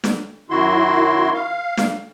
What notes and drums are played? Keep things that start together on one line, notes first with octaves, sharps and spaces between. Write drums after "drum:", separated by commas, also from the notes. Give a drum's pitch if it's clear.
drum: snare
F#2 D#3 E4 F#4 C6
F5
drum: snare